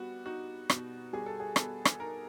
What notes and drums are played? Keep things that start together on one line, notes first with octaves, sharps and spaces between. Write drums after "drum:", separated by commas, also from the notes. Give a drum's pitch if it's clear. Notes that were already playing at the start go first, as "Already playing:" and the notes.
Already playing: G3 B3 F#4
D#4 F#4
B2, drum: rim click
G3 G#4
A4
G#4
B3 A4, drum: rim click
drum: rim click
D#4 A#4